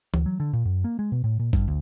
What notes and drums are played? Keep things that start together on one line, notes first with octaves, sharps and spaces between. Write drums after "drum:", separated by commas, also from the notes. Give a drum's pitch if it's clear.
D2, drum: tom E3
F#3
D3
A#2
F#2
A#3
G#3
B2
A2
A#2
G2, drum: kick
D2